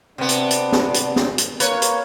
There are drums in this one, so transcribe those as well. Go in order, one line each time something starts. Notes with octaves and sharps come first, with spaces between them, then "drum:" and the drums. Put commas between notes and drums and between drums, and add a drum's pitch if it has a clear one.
C3 B3 D4
drum: hi-hat
drum: hi-hat
drum: snare
drum: hi-hat
drum: snare
drum: hi-hat
A#3 B4 C#5, drum: hi-hat
drum: hi-hat